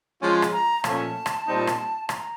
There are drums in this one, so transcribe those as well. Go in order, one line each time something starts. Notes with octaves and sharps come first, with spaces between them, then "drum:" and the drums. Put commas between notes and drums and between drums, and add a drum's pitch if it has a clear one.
F3 G#3 C#4 F4
drum: rim click
A#5
A#2 F3 A3 C#4 A5, drum: rim click
drum: rim click
A#2 G3 C4 D#4
drum: rim click
A#5, drum: rim click